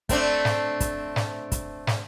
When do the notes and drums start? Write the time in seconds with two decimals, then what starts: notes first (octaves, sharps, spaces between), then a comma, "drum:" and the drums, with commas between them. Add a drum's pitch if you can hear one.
0.09 A3 C4 D4, drum: kick, hi-hat
0.45 drum: snare
0.80 drum: kick, hi-hat
1.16 drum: snare
1.52 drum: kick, hi-hat
1.87 drum: snare